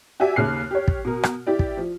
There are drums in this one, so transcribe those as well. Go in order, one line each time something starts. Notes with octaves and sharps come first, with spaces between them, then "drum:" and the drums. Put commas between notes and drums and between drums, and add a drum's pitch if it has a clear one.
F#4 G4 D5 E5 G#5
D#2 C#3 F6 F#6 C7
G4 C#5
drum: kick
B2 A#4
drum: rim click
E4 G4 D5
drum: kick
F3